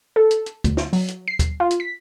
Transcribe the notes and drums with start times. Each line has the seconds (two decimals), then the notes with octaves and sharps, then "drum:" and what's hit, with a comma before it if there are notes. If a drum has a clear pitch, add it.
0.16 A4
0.31 drum: hi-hat
0.46 drum: hi-hat
0.64 D2, drum: kick, hi-hat
0.77 drum: snare
0.93 F#3, drum: open hi-hat
1.08 drum: hi-hat
1.28 C7
1.39 drum: kick, hi-hat
1.60 F4
1.70 drum: hi-hat
1.80 B6